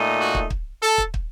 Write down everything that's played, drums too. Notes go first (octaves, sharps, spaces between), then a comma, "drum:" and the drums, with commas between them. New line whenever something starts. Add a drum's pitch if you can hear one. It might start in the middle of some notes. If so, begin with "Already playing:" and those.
Already playing: A#2 A3 D#4
F#4
drum: kick
drum: kick
A4
drum: kick
drum: kick